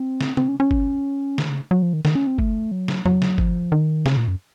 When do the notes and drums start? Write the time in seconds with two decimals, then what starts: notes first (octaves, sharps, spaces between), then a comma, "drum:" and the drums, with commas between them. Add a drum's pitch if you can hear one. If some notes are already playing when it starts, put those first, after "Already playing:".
Already playing: C4
0.21 drum: snare
0.37 C4, drum: tom C3
0.48 C#4
0.60 C#4
0.71 drum: kick G1
1.38 D#3, drum: snare
1.49 C#3
1.71 F#3
1.82 F3
1.93 D#3
2.05 D#3, drum: snare
2.15 C#4
2.27 C4
2.38 A3, drum: kick G1
2.72 F#3
2.88 drum: snare
3.06 F#3, drum: tom
3.22 drum: snare
3.38 F3, drum: kick G1
3.72 D#3
4.06 C#3, drum: snare
4.17 A#2
4.28 F#2